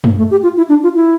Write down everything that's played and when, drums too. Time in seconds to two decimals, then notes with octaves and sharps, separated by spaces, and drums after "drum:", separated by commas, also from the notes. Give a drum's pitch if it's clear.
0.04 A#3, drum: tom
0.18 A3
0.31 G4
0.43 F4
0.57 E4
0.69 D4
0.83 F4
0.95 E4